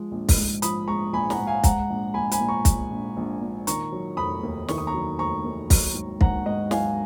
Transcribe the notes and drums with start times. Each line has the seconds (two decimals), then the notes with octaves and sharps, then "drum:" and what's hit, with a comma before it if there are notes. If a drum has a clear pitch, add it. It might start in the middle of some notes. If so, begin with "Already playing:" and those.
Already playing: F3 G#3
0.11 A#1
0.29 drum: kick, open hi-hat
0.38 G#2
0.62 F3 B5 D#6, drum: hi-hat
0.88 G#3 A#5 C#6
1.13 A#1 G#5 B5
1.30 F#5 A#5, drum: snare
1.38 G#2
1.47 F5 G#5
1.64 G#3 F#5 A#5, drum: kick, hi-hat
1.90 A#1
2.14 A#1 G#5 B5
2.32 G#5 B5, drum: hi-hat
2.40 A#2
2.48 A#5 C#6
2.65 G#3, drum: kick, hi-hat
2.90 A#1
3.17 A#1
3.41 A#2
3.67 D#3 A#5 C#6, drum: hi-hat
3.92 F#3
4.17 F1 B5 D#6
4.43 D#2
4.68 D#3 C#6, drum: snare
4.78 D#6
4.87 A#5 C#6
4.94 F#3
5.19 F1 A#5 C#6
5.44 D#2
5.70 F#3, drum: kick, open hi-hat
5.95 G#1
6.21 G#1 F#5 A#5, drum: kick
6.46 G#2 D#5 F#5
6.71 F#3 F5 G#5, drum: snare